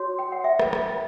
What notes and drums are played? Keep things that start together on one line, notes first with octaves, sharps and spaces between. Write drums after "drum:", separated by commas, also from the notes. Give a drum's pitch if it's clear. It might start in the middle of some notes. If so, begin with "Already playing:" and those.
Already playing: F#4 C#5
G5
F#5
E5 G5
drum: rim click
drum: rim click